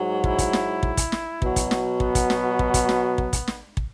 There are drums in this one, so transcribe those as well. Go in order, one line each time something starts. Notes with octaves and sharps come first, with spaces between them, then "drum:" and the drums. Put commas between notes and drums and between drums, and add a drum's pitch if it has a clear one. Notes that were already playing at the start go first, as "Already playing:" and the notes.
Already playing: G#2 F#3
E4, drum: kick
drum: kick, hi-hat
drum: snare
drum: kick
drum: kick, hi-hat
drum: snare
B2 F#3, drum: kick
drum: kick, hi-hat
drum: snare
B3, drum: kick
drum: kick, hi-hat
drum: snare
drum: kick
drum: kick, hi-hat
drum: snare
drum: kick
drum: kick, hi-hat
drum: snare
drum: kick